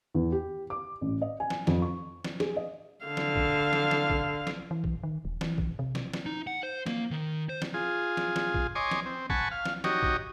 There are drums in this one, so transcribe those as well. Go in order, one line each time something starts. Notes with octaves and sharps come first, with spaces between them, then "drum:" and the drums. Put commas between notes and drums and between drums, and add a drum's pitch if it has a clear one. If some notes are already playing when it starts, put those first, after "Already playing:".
E2
G4
D6
A1
D#5
G#5
drum: snare
F2, drum: snare
C#6
drum: snare
G#4, drum: snare
D#5
D3 F5
drum: snare
drum: kick
drum: snare
drum: snare
drum: kick
drum: snare
E3
drum: kick
D#3
D#1
E3, drum: snare
drum: kick
C3
drum: snare
drum: snare
D#4
F#5
C5
A#3, drum: snare
D#3
C5
drum: snare
F4 G#4
drum: snare
drum: snare
drum: kick
C#5 D#5 G#5 C6 D6
drum: snare
C4
F#5 G#5 A5 B5 C#6, drum: kick
F5
drum: snare
D#4 F#4 G4 C#5 D#5, drum: snare
drum: kick